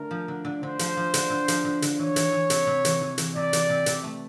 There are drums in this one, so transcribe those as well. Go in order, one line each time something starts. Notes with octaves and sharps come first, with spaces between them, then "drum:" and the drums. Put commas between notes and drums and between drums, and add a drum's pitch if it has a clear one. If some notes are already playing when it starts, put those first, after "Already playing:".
Already playing: D3 A3 A#4
F3
D3
D3
D3 C5
F3, drum: hi-hat
F3
D3, drum: hi-hat
D3
F3, drum: hi-hat
D3
D3, drum: hi-hat
E3 C#5
E3, drum: hi-hat
E3
C3, drum: hi-hat
C3
E3, drum: hi-hat
E3
E3, drum: hi-hat
C3 D5
E3, drum: hi-hat
C3
C3, drum: hi-hat
A3